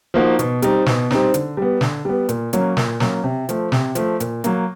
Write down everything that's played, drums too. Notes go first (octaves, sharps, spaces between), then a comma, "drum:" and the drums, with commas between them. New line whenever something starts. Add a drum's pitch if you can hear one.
F3 A#3 D#4 F#4
B2, drum: hi-hat
G3 C4 D#4, drum: hi-hat
B2, drum: snare
G3 C4 D#4, drum: snare
D3, drum: hi-hat
G3 B3
D3, drum: snare
G3 B3
A#2, drum: hi-hat
F#3 A#3 C#4, drum: hi-hat
A#2, drum: snare
F#3 A#3 C#4, drum: snare
C3
F3 A3, drum: hi-hat
C3, drum: snare
F3 A3, drum: hi-hat
A#2, drum: hi-hat
F#3 A#3, drum: hi-hat